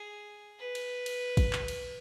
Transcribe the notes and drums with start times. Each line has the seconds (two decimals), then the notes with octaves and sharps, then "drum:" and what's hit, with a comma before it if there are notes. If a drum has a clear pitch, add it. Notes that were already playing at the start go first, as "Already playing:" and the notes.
Already playing: G#4
0.60 B4
0.75 drum: cymbal
1.06 drum: cymbal
1.37 drum: kick, cymbal
1.53 drum: clap
1.68 drum: cymbal